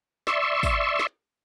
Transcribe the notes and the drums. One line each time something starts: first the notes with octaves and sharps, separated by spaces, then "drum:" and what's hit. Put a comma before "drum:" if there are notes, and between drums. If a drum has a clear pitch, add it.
D5 E5 C6 C#6 E6, drum: snare
drum: kick, tambourine
drum: snare